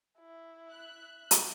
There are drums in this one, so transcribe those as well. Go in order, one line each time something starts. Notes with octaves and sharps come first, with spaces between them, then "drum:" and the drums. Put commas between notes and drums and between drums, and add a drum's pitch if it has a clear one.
E4
E5 F#6
drum: hi-hat